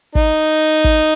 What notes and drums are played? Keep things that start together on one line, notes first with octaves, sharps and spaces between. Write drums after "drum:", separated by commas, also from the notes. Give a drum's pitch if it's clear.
D#4, drum: kick
drum: kick